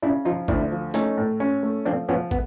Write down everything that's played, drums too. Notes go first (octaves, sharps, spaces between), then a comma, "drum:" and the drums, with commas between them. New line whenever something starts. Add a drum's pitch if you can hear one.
C#3 D4 E4
F3 D#4 F4
D2 D4 E4, drum: kick
F3
A3 C#4 D#4, drum: snare
A2
C#4
A3
F3 C4 D4
F3 B3 C#4
B3, drum: kick